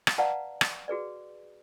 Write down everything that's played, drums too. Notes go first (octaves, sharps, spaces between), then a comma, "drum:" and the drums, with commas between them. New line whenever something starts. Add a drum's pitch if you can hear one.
drum: rim click
B4 D5 F5 F#5 A5 A#5
drum: rim click
F#4 G#4 B4 D5